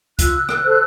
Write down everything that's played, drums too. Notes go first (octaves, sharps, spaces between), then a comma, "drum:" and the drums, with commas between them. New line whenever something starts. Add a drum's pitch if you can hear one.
F4 E6 F#6, drum: kick C#2, hi-hat
drum: rim click
A4 C5